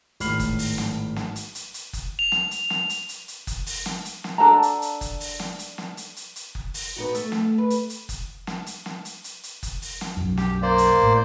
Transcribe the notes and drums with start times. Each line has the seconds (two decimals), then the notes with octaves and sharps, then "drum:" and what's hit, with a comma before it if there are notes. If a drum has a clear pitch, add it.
0.20 G#1 A2 B5 F6 C7 F#7, drum: hi-hat
0.39 drum: kick F#1, hi-hat
0.59 drum: open hi-hat
0.78 drum: snare
1.16 drum: snare
1.36 drum: hi-hat
1.55 drum: hi-hat
1.74 drum: hi-hat
1.93 drum: kick F#1, hi-hat
2.19 F7
2.32 drum: snare
2.51 drum: hi-hat
2.70 drum: snare
2.89 drum: hi-hat
3.09 drum: hi-hat
3.28 drum: hi-hat
3.47 drum: kick F#1, hi-hat
3.66 drum: open hi-hat
3.86 drum: snare
4.05 drum: hi-hat
4.24 drum: snare
4.38 D4 A4 F#5 A#5
4.63 drum: hi-hat
4.82 drum: hi-hat
5.01 drum: kick F#1, hi-hat
5.20 drum: open hi-hat
5.40 drum: snare
5.59 drum: hi-hat
5.78 drum: snare
5.97 drum: hi-hat
6.16 drum: hi-hat
6.36 drum: hi-hat
6.55 drum: kick F#1
6.74 drum: open hi-hat
6.97 B3 D#4 F#4
7.15 A3, drum: hi-hat
7.32 drum: snare
7.58 B4
7.70 drum: hi-hat
7.90 drum: hi-hat
8.09 drum: kick F#1, hi-hat
8.47 drum: snare
8.66 drum: hi-hat
8.86 drum: snare
9.05 drum: hi-hat
9.24 drum: hi-hat
9.43 drum: hi-hat
9.63 drum: kick F#1, hi-hat
9.82 drum: open hi-hat
10.01 drum: snare
10.17 B1 F#2
10.37 G4, drum: snare
10.63 A#3 C5 D5
10.78 drum: hi-hat
11.02 G#1 A2